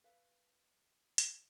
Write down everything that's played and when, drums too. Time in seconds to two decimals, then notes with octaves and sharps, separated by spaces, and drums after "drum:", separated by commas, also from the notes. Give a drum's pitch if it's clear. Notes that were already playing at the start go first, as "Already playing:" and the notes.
0.04 B4 E5 F5
1.18 drum: hi-hat